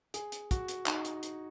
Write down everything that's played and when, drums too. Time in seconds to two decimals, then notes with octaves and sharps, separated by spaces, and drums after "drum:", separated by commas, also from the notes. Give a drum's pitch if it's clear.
0.14 G#4, drum: hi-hat
0.32 drum: hi-hat
0.51 F#4, drum: kick, hi-hat
0.68 drum: hi-hat
0.86 D#4, drum: clap
1.05 drum: hi-hat
1.23 drum: hi-hat